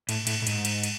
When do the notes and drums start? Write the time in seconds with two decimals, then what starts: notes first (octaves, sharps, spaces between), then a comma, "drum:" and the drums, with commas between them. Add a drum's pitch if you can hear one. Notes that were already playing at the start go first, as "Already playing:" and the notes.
0.09 A2, drum: cymbal
0.27 A2, drum: cymbal
0.42 A2
0.47 G#2, drum: cymbal
0.65 drum: cymbal
0.83 drum: cymbal